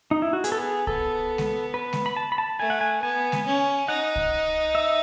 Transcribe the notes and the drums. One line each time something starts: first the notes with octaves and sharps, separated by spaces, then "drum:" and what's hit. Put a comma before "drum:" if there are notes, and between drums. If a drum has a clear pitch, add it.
D#4
E4
F#4
B3 G#4, drum: hi-hat
A4
G#4
B3 A4, drum: kick C2
drum: snare G#3
B4
drum: snare G#3
B5
A5
B5
A5
A3 G#5
F#5
G#5
B3 G#5
drum: snare G#3
C#4
D#4 F#5
drum: kick C2
E5